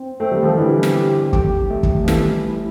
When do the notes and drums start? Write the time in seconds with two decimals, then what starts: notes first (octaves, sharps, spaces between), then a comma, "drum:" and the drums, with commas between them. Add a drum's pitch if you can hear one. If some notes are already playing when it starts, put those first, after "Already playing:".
Already playing: C4
0.20 A3 C4
0.31 G3
0.43 F3 A3
0.57 D3 E3 G3
0.83 drum: snare
0.96 G4
1.33 G4, drum: kick
1.70 A3
1.83 drum: kick
2.04 F3
2.08 E3 G3 A4, drum: snare
2.46 E4